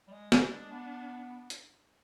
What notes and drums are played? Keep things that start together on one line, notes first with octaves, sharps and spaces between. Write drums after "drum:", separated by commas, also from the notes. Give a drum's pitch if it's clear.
G3
G#3
G3 D4, drum: snare
G#3
B3
drum: hi-hat